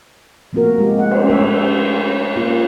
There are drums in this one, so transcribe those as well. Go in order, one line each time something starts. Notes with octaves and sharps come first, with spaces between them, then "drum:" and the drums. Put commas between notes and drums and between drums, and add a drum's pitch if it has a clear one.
F3 A3 A#3 C4 F#4 A#4
G#3 C4 G4
F#5
drum: cymbal
G#3 A3 C#5 E5
A#3 F4